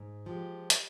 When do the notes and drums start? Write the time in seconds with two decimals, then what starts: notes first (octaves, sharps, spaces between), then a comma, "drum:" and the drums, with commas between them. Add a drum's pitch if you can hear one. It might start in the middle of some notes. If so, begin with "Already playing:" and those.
Already playing: G#2
0.26 F3 G#3 G4
0.70 drum: hi-hat